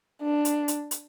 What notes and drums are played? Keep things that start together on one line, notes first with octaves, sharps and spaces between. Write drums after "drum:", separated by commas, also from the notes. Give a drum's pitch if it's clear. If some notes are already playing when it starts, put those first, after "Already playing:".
D4
drum: hi-hat
drum: hi-hat
drum: hi-hat